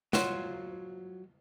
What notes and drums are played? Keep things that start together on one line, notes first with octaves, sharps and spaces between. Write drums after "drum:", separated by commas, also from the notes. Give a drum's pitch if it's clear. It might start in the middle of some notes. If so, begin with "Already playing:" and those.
F#3 F4 C5, drum: snare